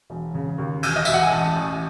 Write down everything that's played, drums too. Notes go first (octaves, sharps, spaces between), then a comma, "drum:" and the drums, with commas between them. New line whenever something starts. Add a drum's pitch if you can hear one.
E1
C#3
D#2
E1, drum: cymbal
D#5
E1 E5, drum: tambourine
F#5
G#5
A1 A5
A1